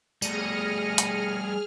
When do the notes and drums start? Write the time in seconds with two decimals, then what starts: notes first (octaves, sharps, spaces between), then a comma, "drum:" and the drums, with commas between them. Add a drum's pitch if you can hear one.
0.22 G3 A3 G#4 F6 A#6 C#7 D#7, drum: tambourine
0.98 drum: hi-hat